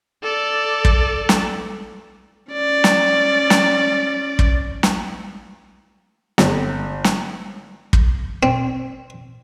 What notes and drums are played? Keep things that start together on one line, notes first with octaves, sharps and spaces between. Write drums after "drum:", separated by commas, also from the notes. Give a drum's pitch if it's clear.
A4 D5
drum: kick
drum: snare
C#4 D5
drum: snare
drum: snare
drum: kick
drum: snare
G1, drum: snare
drum: snare
drum: kick
C4